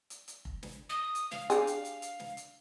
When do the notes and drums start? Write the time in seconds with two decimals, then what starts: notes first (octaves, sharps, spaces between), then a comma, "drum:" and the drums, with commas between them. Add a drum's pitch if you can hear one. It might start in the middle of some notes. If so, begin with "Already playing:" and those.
0.10 drum: hi-hat
0.28 drum: hi-hat
0.45 drum: kick F1
0.63 drum: snare
0.89 D#6
1.15 drum: hi-hat
1.31 F5, drum: snare
1.50 D4 G4 G#4, drum: hi-hat
1.67 drum: hi-hat
1.85 drum: hi-hat
2.02 drum: hi-hat
2.20 drum: snare
2.37 drum: hi-hat